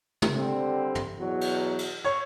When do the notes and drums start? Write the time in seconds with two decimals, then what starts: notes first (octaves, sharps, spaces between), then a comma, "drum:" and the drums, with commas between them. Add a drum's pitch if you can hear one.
0.22 drum: tom
0.33 D3 G3 C4
0.95 drum: tom
1.18 E2 B2 F#3
1.41 drum: cymbal
1.79 drum: cymbal
2.04 C#5